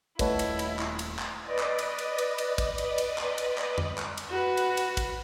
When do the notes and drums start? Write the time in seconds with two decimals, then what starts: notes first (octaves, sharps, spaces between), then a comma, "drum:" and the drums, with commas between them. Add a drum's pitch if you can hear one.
0.19 D#1 A3 E4 B4 C#5 D#5 F#5 A5, drum: kick, cymbal
0.39 drum: cymbal
0.59 drum: cymbal
0.79 drum: clap
0.99 drum: cymbal
1.19 drum: clap
1.42 B4 D5 D#5
1.59 drum: clap
1.79 drum: cymbal
1.99 drum: cymbal
2.18 drum: cymbal
2.38 drum: cymbal
2.58 drum: kick, cymbal
2.78 drum: cymbal
2.98 drum: cymbal
3.18 drum: clap
3.38 drum: cymbal
3.58 drum: clap
3.78 drum: tom F2
3.98 drum: clap
4.18 drum: cymbal
4.29 F#4 B4
4.57 drum: cymbal
4.77 drum: cymbal
4.97 drum: kick, cymbal